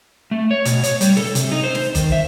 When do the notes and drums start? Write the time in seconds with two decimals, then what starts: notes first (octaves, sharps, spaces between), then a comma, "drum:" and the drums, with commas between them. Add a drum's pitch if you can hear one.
0.31 A3
0.51 C#5
0.65 B2, drum: hi-hat
0.84 C#5, drum: hi-hat
1.01 G3, drum: hi-hat
1.17 A4, drum: snare
1.35 C3, drum: hi-hat
1.52 D#4
1.64 C5
1.75 drum: snare
1.95 D#3, drum: kick F#1, hi-hat
2.12 E5